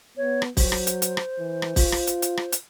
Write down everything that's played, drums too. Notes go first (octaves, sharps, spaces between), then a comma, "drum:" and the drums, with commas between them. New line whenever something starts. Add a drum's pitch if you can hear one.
B3 C#5
drum: rim click
F#3 C5, drum: kick, open hi-hat
drum: rim click
drum: hi-hat
drum: hi-hat
drum: rim click
E3
drum: rim click
F4, drum: kick, open hi-hat
drum: rim click
drum: hi-hat
drum: hi-hat
drum: rim click
drum: hi-hat